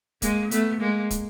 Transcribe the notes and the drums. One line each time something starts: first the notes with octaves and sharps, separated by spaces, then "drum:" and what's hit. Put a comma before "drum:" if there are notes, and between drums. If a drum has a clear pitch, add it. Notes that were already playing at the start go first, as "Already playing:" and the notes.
G#3 A#3, drum: kick, hi-hat
A3 B3, drum: hi-hat
G#3 A#3
drum: kick, hi-hat